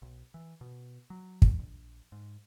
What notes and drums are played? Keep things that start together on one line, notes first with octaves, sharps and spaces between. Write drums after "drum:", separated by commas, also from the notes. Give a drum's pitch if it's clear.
B1
E3
B2
F#3
drum: kick
A#1
G#2